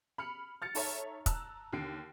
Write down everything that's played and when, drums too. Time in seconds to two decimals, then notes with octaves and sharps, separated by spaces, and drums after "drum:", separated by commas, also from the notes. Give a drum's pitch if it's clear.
0.18 B5 F6 C#7
0.62 F6 A6 C#7
0.75 D#4 A4 C#5 E5 A#5, drum: open hi-hat
1.26 A5 A#5 E6 F#6, drum: kick, hi-hat
1.73 D#2 D3 C7 D7